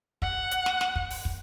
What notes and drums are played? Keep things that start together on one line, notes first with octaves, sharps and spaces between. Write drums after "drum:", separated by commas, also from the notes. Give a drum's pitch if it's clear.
F#5, drum: kick
drum: hi-hat
drum: snare
drum: snare
drum: kick
drum: open hi-hat
drum: kick